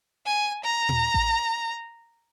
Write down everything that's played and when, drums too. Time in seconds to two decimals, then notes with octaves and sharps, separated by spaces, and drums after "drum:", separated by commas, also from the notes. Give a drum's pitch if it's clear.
0.26 G#5
0.64 A#5
0.89 drum: tom A#2
1.14 drum: kick A1